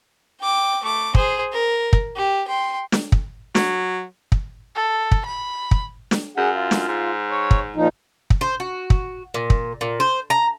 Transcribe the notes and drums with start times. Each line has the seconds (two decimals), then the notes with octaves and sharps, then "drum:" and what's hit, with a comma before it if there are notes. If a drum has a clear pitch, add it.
0.41 G5 D6
0.83 A3 D6
1.15 G#4 C5, drum: kick
1.52 A#4
1.93 drum: kick
2.16 G4
2.48 G5 C6
2.92 drum: snare
3.12 drum: kick
3.55 F#3, drum: snare
4.32 drum: kick
4.76 A4
5.12 drum: kick
5.26 B5
5.71 drum: kick
6.11 drum: snare
6.37 F#2 G#4 F#5
6.54 F4
6.71 drum: snare
6.88 G#2
7.31 C#5
7.51 drum: kick
7.76 A#2 F3 D#4
8.30 drum: kick
8.41 C5
8.60 F#4
8.90 drum: kick
9.34 A#2
9.50 drum: kick
9.81 A#2
10.00 C5
10.30 A#5